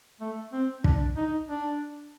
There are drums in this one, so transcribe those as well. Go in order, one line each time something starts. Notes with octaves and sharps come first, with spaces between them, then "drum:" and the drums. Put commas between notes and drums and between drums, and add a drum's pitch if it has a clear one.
A3
C4
D4, drum: kick
D#4
D4